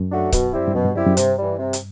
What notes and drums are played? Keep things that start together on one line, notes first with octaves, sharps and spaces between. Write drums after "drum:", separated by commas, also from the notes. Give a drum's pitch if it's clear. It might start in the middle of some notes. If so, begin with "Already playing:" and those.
Already playing: F#2
F#3 A3 D4 F#4
B2, drum: kick C#1, hi-hat
G3 C4 E4 G4
G2
F#2 B2
G2
F#2 G3 C4 E4 G4
F#2
G2 C3, drum: hi-hat
E3 G3
C3
drum: hi-hat